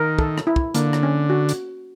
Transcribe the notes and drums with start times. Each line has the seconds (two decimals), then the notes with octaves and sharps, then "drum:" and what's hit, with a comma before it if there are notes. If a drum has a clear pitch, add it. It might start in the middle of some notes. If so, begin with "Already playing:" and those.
Already playing: D#3 A#4
0.18 A4, drum: kick
0.38 drum: rim click
0.47 E4
0.56 drum: kick
0.75 D3 A#3, drum: hi-hat
0.93 drum: rim click
1.03 C#4
1.30 F#4
1.49 drum: hi-hat